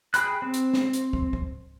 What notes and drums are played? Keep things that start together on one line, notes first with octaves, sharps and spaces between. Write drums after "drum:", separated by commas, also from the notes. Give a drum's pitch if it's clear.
G#4 G5 B5 F#6, drum: hi-hat
C4
drum: hi-hat
drum: snare
drum: hi-hat
drum: kick
drum: kick